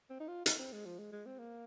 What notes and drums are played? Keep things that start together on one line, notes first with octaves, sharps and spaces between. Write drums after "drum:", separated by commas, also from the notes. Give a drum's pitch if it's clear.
C4
D#4
F4
D#4, drum: hi-hat
C4
G#3
F3
G#3
G#3
C4
A#3